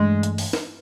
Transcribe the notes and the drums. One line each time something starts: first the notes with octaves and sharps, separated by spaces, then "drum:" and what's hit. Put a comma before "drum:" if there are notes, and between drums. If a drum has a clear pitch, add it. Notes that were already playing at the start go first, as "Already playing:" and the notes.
Already playing: G2 E3 G#3 A3 D4
drum: hi-hat
drum: open hi-hat
drum: snare